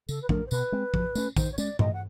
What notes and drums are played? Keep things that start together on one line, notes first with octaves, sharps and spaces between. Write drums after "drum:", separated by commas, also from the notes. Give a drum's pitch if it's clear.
C#3 A4, drum: tambourine
B4
F3 A3 D4 A#4, drum: kick A#1
C5
B2 B4, drum: tambourine
G#3 C4
F3, drum: kick A#1
A3 C#4, drum: tambourine
D#3 C5, drum: kick A#1, tambourine
C#5
G#3 C#4 D5, drum: tambourine
A2 D#5, drum: tom G2
F#5